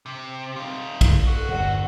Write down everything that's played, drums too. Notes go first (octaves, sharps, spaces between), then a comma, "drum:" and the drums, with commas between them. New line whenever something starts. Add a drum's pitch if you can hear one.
C3
D#4 F4
drum: kick A#1, cymbal
F#4 A4
G1 E2 C3 F#5